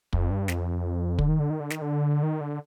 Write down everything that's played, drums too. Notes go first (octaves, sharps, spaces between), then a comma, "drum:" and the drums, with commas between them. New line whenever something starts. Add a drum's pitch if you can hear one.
F2, drum: kick
G2
F2, drum: snare
D3, drum: kick
D#3
D3
D#3
D3
D#3, drum: snare
D3
D#3
D3